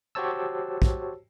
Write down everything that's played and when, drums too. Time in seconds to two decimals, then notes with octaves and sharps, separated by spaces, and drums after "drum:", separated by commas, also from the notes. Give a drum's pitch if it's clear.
0.15 F#4 G4 C5 C#5 A5 E6
0.82 drum: kick